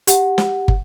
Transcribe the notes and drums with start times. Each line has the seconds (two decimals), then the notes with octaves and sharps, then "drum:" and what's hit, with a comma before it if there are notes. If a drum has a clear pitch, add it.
0.07 G4 F#5, drum: hi-hat
0.38 drum: snare
0.68 drum: kick